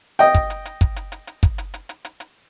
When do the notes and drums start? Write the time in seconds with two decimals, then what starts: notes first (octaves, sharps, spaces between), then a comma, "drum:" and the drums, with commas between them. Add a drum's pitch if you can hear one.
0.19 D#5 G5, drum: hi-hat
0.35 drum: kick, hi-hat
0.50 drum: hi-hat
0.65 drum: hi-hat
0.81 drum: kick, hi-hat
0.96 drum: hi-hat
1.12 drum: hi-hat
1.27 drum: hi-hat
1.43 drum: kick, hi-hat
1.58 drum: hi-hat
1.74 drum: hi-hat
1.89 drum: hi-hat
2.05 drum: hi-hat
2.20 drum: hi-hat